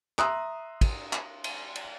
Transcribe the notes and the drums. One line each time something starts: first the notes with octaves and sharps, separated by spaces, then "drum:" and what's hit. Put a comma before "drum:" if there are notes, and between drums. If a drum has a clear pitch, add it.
E5 A#5 C6 D#6 E6 F#6, drum: clap
drum: kick, cymbal
drum: clap
drum: cymbal
drum: cymbal